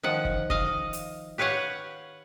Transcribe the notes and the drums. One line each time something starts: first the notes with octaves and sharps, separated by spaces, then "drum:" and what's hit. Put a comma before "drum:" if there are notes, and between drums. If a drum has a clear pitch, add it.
D#3 F3 F#5
drum: kick
D#5 F5, drum: kick
drum: hi-hat
G4 B4 C#5 F5 F#5